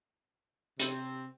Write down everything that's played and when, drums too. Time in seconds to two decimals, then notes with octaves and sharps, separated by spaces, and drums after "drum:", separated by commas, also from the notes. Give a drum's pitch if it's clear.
0.80 C3 C4, drum: hi-hat